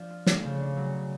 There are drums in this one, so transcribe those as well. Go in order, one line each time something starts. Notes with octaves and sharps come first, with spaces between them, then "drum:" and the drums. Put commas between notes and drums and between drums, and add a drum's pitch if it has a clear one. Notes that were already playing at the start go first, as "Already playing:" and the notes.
Already playing: F3 D4
F4
A3, drum: snare
C#3 F3
D4
F#3